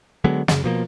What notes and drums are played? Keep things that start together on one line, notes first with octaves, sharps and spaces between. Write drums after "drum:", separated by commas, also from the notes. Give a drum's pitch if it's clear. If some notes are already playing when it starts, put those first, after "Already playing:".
D3 F#3 G#3 B3
F#2 C#3, drum: snare
B2 F3 A#3